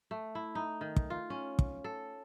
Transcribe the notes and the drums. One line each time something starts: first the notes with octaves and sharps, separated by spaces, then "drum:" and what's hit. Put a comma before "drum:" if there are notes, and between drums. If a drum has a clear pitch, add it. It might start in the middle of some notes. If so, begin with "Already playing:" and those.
A3
E4
D#4
D#3
drum: kick
F4
C#4
drum: kick
A4